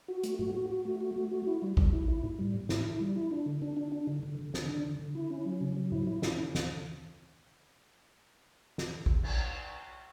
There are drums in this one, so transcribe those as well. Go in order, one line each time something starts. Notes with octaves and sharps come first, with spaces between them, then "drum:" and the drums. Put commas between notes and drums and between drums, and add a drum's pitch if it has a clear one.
F#4
A3, drum: hi-hat
F#4, drum: tom A2
F#4
F#4
A3
F#4
A3
F#4
E4
G3
G3, drum: kick A1
E4
E4
A2
G3
A2
E4, drum: snare
E4
G3
E4
D4
D3
D4
D4
D4
D3
D3
D3
D3, drum: snare
D4
D3
D3
E4
C#4
F#3
C#3
F#3
E4, drum: tom A2
E4
C#4, drum: snare
C#4
drum: snare
drum: snare
drum: kick A1
drum: cymbal